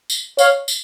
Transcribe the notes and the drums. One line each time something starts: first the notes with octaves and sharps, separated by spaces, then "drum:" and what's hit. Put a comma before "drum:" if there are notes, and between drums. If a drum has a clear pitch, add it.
drum: tambourine
C#5 F5, drum: tambourine
drum: tambourine